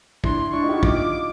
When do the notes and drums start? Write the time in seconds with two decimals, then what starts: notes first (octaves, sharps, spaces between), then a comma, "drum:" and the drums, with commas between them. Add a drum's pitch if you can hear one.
0.24 D4 E4 C6, drum: kick
0.53 D4 E4 C#6
0.63 D#4 F4
0.69 G4
0.73 E4 F#4
0.83 D#4 F4 D6, drum: kick